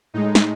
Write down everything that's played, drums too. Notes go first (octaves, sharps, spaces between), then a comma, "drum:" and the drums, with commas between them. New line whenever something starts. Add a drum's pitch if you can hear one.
A2 G#3 D#4
drum: snare